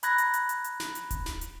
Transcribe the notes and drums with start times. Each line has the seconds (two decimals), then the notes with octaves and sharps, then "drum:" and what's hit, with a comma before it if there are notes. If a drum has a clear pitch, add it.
0.03 A#5 B5 F#6 G#6 A#6, drum: hi-hat
0.18 drum: hi-hat
0.34 drum: hi-hat
0.49 drum: hi-hat
0.64 drum: hi-hat
0.80 drum: snare
0.95 drum: hi-hat
1.11 drum: kick D1, hi-hat
1.26 drum: snare
1.41 drum: hi-hat